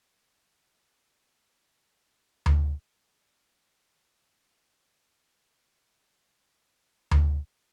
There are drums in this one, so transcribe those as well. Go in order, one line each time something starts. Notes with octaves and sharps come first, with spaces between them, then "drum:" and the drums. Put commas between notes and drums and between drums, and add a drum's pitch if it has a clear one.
B2 A3 B4
A2 D#3 G#3 B3 D#4 C5
drum: tom D2
B3 C5
D#4
drum: tom D2